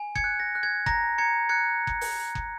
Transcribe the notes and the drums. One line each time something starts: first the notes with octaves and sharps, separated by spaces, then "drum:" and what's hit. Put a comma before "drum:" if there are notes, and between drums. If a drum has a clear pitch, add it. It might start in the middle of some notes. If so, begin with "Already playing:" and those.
Already playing: G#5
G#6 C#7, drum: kick F#1
F#6
A#6
F#6
G#6
A#5 A#6, drum: kick F#1
A#5 G#6 C#7
F#6 G#6 C#7
drum: kick F#1
drum: open hi-hat
drum: kick F#1